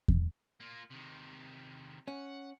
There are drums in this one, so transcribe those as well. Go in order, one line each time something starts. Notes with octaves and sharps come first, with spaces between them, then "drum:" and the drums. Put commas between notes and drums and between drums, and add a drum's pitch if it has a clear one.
drum: kick E2
A#3 F4
C3 D#3
C#4 F#5